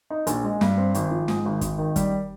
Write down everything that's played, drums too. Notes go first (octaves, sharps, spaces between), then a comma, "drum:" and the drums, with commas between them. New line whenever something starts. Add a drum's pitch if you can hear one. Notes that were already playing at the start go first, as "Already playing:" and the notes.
D#4
A#1, drum: hi-hat
G#3
G2, drum: snare
C4
G#1, drum: hi-hat
F3
G#2, drum: snare
G#1
G#1, drum: kick, hi-hat
D#3
G3, drum: kick, hi-hat